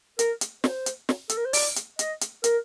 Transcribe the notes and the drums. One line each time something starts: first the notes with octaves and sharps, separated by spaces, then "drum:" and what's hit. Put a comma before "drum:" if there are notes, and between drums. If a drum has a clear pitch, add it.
A#4, drum: hi-hat
drum: hi-hat
C5, drum: snare
drum: hi-hat
drum: snare
A4, drum: hi-hat
A#4
C5
D5, drum: open hi-hat
drum: hi-hat
D#5, drum: hi-hat
drum: hi-hat
A#4, drum: hi-hat